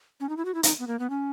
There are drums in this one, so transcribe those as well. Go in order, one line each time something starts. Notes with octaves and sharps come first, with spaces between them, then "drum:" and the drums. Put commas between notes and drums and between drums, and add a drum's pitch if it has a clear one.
C#4
D#4
E4
F#4
E4
D#4, drum: hi-hat
B3
A#3
B3
C#4